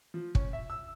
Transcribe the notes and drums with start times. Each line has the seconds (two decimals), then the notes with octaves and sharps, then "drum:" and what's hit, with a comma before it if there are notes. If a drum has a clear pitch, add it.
0.14 F3
0.35 C#4, drum: kick
0.53 E5
0.70 E6